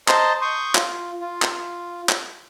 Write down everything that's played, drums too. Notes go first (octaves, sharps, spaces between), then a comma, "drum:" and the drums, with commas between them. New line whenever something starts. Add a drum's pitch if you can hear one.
C5 D#5 A5 A#5 C6, drum: clap
C6 C#6 D#6 G6
F4, drum: clap
F4
drum: clap
drum: clap